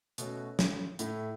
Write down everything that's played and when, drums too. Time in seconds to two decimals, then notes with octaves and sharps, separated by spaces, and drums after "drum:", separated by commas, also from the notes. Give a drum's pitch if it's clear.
0.18 B2 A3 C#4 F#4, drum: hi-hat
0.59 drum: snare
0.99 A2 A3 E4, drum: hi-hat